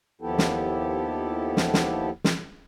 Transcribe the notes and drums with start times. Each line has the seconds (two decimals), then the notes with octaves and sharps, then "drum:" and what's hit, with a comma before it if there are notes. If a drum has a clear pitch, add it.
0.21 D#2 F3 B3 E4 G4 A4
0.38 drum: snare
1.57 drum: snare
1.74 drum: snare
2.24 drum: snare